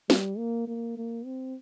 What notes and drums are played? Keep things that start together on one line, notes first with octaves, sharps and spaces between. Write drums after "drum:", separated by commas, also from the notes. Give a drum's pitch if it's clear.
G3, drum: snare
A#3
A#3
A#3
C4